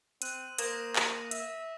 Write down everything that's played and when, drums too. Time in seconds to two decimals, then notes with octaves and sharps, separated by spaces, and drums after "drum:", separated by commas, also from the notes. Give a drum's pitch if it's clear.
0.22 C4 F#6 D#7, drum: hi-hat
0.58 A#3 C5 D#6 A#6 E7, drum: hi-hat
0.96 drum: clap
1.31 E5, drum: hi-hat